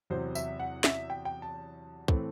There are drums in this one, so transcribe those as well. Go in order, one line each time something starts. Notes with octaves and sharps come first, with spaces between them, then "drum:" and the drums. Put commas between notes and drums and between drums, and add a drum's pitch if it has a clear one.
E2 C3 F#3 C5
E5, drum: tambourine
F#5
E5, drum: snare
G5
G5
A5
A2 E3 A3 C4, drum: kick